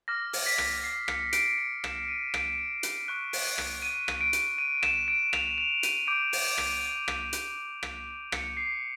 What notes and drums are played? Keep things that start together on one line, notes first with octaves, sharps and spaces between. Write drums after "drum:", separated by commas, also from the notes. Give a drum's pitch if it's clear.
D6 F6 A#6
drum: open hi-hat
B6
drum: rim click
C7
C#7, drum: rim click
D7, drum: hi-hat
D7
E7, drum: rim click
D#7
D7, drum: rim click
drum: hi-hat
C#6 F#6
drum: open hi-hat
drum: rim click
D#7
drum: rim click
D7
drum: hi-hat
D#7
E7, drum: rim click
D7
F7, drum: rim click
F7
D#7, drum: hi-hat
D6 G6 D7
drum: open hi-hat
drum: rim click
drum: rim click
drum: hi-hat
drum: rim click
C#7, drum: rim click
C7